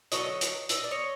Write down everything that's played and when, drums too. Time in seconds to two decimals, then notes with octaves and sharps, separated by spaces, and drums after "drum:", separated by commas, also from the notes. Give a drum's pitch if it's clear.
0.12 D3 F#3 A3 C#5 D#5, drum: hi-hat
0.41 drum: hi-hat
0.69 E5, drum: hi-hat
0.77 D#5
0.84 D5
0.91 C#5 D#5